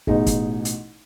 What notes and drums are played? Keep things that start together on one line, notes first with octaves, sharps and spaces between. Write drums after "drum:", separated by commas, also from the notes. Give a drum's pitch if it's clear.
A1 B2 D#4 G#4, drum: kick
drum: kick, hi-hat
drum: hi-hat